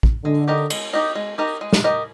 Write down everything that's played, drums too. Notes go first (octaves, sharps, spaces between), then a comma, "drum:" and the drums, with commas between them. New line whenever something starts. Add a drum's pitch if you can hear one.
drum: kick
D3 G#3
D#4 G4 A#4 D#5
G#3, drum: cymbal
D#4 G4 A#4 D#5
G#3
D#4 G4 A#4 D#5
G#3
drum: snare
D#4 G4 A#4 D#5